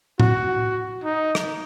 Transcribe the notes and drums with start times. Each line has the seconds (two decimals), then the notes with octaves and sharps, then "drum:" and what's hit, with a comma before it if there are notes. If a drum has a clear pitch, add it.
0.20 F#4, drum: tom A2
1.04 D#4
1.35 drum: rim click